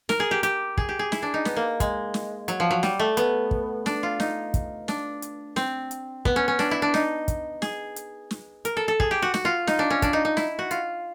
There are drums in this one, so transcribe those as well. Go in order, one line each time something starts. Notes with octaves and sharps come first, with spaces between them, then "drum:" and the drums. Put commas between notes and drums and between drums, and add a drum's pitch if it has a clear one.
A#4, drum: snare
G#4
G4
G4, drum: hi-hat
G#4, drum: kick
G4
G#4
E4, drum: snare
D4
D#4
B3, drum: snare
A#3
G#3, drum: kick, hi-hat
drum: snare
F#3, drum: hi-hat
F3
F#3
G3, drum: snare
A3
B3, drum: hi-hat
drum: kick
D4, drum: snare
F4
D#4, drum: snare
drum: kick, hi-hat
D4, drum: snare
drum: hi-hat
C4, drum: snare
drum: hi-hat
B3, drum: kick
C#4
C#4
D4, drum: snare
E4
D4
D#4, drum: snare
drum: kick, hi-hat
G#4, drum: snare
drum: hi-hat
drum: snare
A#4, drum: hi-hat
A4
A4
G#4, drum: kick
G4
F#4
F#4, drum: snare
F4
D#4, drum: snare
D4
C#4
D4, drum: kick, hi-hat
D#4
D#4
E4, drum: snare
F#4
F4, drum: hi-hat